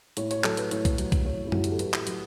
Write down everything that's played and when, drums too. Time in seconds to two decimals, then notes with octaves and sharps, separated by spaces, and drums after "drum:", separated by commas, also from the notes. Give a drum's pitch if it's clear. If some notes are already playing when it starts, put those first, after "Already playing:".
0.17 A2 C#5, drum: hi-hat
0.31 C#5, drum: hi-hat
0.44 F#3 A4, drum: clap
0.57 B4, drum: hi-hat
0.71 A2 C#5, drum: hi-hat
0.85 drum: kick B1, hi-hat
0.98 F#3, drum: hi-hat
1.12 drum: kick B1, hi-hat
1.25 A2 C#5
1.47 E4
1.52 F#3 F#4, drum: tom F#2
1.64 G4, drum: hi-hat
1.71 A4
1.79 A2 B4, drum: hi-hat
1.93 drum: clap
2.07 F#3, drum: hi-hat